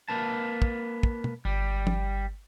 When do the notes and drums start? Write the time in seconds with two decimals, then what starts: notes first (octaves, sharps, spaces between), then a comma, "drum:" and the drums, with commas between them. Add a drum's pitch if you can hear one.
0.08 A#3 B4 A5
0.62 drum: kick
1.03 drum: kick
1.24 drum: tom
1.45 G1 G3
1.87 drum: tom